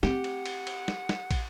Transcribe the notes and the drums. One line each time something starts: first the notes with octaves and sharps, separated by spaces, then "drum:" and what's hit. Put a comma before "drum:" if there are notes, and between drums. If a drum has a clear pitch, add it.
C4 G4 F#5, drum: snare
drum: cymbal
drum: cymbal
drum: cymbal
drum: snare
drum: snare
drum: kick, cymbal